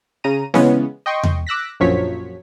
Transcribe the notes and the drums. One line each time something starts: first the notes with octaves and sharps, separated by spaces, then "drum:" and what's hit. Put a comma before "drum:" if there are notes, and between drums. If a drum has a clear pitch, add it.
C#3 A#5 D#7
C#3 E3 G#3 B3 C#4, drum: snare C4
D#5 G5 C6 C#6
drum: tom E2
D6 E6 F#6 A#6 B6
A#1 F#2 F3 F#3 C#5 B6